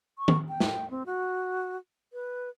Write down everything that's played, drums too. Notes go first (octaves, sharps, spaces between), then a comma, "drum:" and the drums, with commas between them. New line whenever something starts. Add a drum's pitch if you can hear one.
C#6
drum: tom
G5
drum: snare
C4
F#4
B4